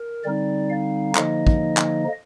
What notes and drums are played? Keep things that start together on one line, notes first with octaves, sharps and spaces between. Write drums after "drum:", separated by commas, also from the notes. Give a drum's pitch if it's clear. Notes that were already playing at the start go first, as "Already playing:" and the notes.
Already playing: A#4
D3 G3 C4 D#4 D5
F5
D3 F3 A#3 D#4 D#5, drum: clap
drum: kick
drum: clap